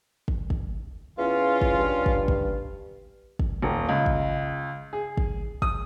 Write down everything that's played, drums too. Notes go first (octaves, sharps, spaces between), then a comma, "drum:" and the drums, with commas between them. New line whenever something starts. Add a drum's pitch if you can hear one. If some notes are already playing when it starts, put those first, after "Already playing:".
drum: kick
drum: kick
E2 C#4 F4
drum: kick
G2
drum: kick
drum: kick
drum: kick
D#1
C#2
drum: kick
G#4
drum: kick
D#6, drum: kick